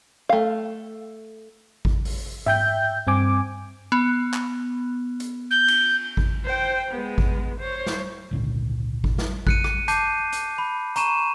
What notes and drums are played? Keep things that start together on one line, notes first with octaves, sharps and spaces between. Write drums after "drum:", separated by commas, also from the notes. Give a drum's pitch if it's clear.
A3 F5
drum: kick G#1
drum: open hi-hat
E5 G5 G6, drum: tom G#2
G2 C4 G#5 D6
B3
drum: clap
drum: hi-hat
G6
drum: cymbal
drum: kick G#1
C5 G5
G#3 B3
drum: kick G#1
C5 C#5
drum: snare
G#1 C#2 A#2 D3
drum: kick G#1
drum: snare
F#6 C#7 D#7, drum: kick G#1
drum: rim click
A5 D6 G6 C7 D#7, drum: hi-hat
drum: hi-hat
B5
A#5 C#6 D#7 E7, drum: hi-hat